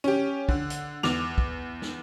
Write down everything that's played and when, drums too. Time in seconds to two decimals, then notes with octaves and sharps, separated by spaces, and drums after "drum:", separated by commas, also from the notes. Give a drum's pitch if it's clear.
0.04 C#4 G4
0.49 D3, drum: kick
0.70 drum: hi-hat
1.03 E2 D6 F7, drum: snare
1.38 drum: kick
1.82 drum: snare